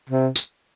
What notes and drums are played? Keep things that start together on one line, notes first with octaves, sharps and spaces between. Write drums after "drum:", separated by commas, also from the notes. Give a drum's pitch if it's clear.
C3
drum: tambourine